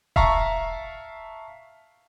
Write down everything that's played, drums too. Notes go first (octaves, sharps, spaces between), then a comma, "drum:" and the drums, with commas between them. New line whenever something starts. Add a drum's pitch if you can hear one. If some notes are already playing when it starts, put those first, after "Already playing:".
E5 F5 A5 A#5 C#6, drum: kick D#1